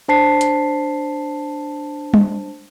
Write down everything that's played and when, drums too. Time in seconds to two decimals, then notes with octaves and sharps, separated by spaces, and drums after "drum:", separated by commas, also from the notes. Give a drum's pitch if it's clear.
0.08 D4 C5 A5 B6 C7
0.41 drum: hi-hat
2.14 drum: tom G3